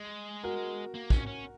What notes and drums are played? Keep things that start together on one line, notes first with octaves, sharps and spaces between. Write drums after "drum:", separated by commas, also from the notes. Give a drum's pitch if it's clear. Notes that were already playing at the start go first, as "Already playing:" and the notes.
Already playing: G#3
F#4 A#4
A#3
C#4, drum: kick
C#4